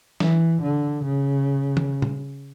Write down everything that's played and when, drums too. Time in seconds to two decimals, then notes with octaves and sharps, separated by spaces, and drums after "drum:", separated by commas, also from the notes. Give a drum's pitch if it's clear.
0.20 E3, drum: snare
0.62 D3
1.04 C#3
1.77 drum: tom
2.02 drum: tom